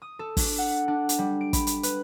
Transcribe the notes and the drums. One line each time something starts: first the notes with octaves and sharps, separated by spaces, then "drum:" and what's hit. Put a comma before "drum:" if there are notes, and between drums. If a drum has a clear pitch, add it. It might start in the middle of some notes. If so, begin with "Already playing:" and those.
D#6
A4
D4, drum: kick, open hi-hat
F#5
D4
drum: hi-hat
G3
D7
B5, drum: kick, hi-hat
drum: hi-hat
B4, drum: hi-hat